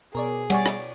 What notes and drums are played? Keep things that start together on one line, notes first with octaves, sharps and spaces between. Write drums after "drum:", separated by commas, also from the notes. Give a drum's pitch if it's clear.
B2 G#4 A#4 C#5 D5
G3 C#5 D5 F#5 G#5 C#6, drum: cymbal
drum: rim click